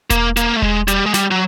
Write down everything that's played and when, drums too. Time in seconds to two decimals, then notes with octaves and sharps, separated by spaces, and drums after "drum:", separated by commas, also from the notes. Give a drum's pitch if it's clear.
0.10 A#3, drum: kick E1, hi-hat
0.37 A#3, drum: hi-hat
0.56 A3
0.62 G#3, drum: kick E1
0.88 G3, drum: hi-hat
1.06 G#3
1.14 G3, drum: snare
1.31 F#3